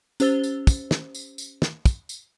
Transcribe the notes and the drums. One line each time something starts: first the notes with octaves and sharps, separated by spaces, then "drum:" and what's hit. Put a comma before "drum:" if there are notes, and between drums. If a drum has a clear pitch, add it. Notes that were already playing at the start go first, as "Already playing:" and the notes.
C#4 G4 C5 E6 A6 G7, drum: tambourine
drum: tambourine
drum: kick, tambourine
drum: snare
drum: tambourine
drum: tambourine
drum: snare
drum: kick, tambourine
drum: tambourine